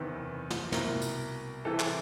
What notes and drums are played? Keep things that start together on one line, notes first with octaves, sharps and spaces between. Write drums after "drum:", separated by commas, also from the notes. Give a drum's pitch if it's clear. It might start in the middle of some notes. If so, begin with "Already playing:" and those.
Already playing: F#1 E2 C3 D#3 B4
drum: snare
C2 B2 A#4, drum: snare
drum: tambourine
C2 C3 E3 A4
G#4, drum: clap